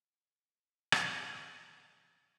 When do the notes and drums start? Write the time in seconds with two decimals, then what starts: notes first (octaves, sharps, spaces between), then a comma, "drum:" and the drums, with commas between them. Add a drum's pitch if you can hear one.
0.21 C#4 A#4
0.92 drum: rim click